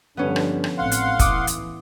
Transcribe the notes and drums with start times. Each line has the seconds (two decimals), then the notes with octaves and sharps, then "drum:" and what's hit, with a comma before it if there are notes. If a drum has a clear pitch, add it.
0.17 G2 D3 F3 B3 C#4
0.36 drum: rim click
0.64 drum: rim click
0.78 A1 C4 F5 F#5 C6
0.92 drum: hi-hat
1.19 E3 D6 D#6, drum: kick, hi-hat
1.47 drum: hi-hat